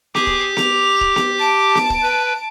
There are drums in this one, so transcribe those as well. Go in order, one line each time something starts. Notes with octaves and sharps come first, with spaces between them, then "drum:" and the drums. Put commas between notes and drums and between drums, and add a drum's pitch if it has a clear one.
G4 G#4 D6, drum: snare B3
drum: kick
F7, drum: snare B3
drum: kick
drum: snare B3
A5 D7
drum: snare B3
drum: kick
B4